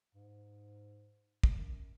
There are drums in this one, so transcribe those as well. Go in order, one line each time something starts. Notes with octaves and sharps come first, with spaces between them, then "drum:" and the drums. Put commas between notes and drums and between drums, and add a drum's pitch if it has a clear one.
G#2
drum: kick
F#2